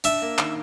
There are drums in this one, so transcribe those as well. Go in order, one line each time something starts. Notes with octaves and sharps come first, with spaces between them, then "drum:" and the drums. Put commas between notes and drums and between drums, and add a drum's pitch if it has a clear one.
D4 E5, drum: hi-hat
A#3
D#3, drum: clap